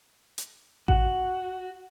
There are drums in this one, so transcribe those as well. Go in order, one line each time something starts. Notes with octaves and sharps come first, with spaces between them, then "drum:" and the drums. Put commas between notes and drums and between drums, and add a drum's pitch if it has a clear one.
drum: hi-hat
F#4, drum: kick A1